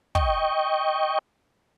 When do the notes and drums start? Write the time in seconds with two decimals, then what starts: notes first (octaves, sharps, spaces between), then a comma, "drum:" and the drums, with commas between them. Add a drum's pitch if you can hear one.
0.15 D#5 G5 C#6, drum: kick